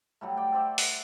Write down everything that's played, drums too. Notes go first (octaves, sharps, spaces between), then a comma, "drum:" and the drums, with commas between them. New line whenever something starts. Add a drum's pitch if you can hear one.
F#3 G3 A3
D5 G5
A4 C5 D5 E5
F#5, drum: open hi-hat